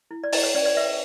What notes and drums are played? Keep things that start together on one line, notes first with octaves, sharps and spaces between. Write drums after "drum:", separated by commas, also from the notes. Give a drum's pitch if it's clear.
E4
D5
E4 D#5, drum: open hi-hat
C#5
C#4 D5
D5
B4 E5